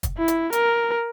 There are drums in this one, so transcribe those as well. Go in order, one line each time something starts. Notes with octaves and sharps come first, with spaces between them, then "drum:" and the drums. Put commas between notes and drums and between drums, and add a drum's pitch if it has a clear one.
drum: kick, hi-hat
E4
drum: hi-hat
A#4, drum: hi-hat